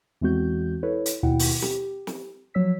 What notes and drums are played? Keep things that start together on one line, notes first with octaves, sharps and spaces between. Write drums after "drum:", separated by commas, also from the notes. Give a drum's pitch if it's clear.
E2 E3 G#3 C4 F#4 G6
E4 A4 B4 C#5
drum: hi-hat
D#2 B2 E4 F#5 G5
drum: open hi-hat
G4, drum: snare
drum: snare
F3 F#3 C#5 E6 B6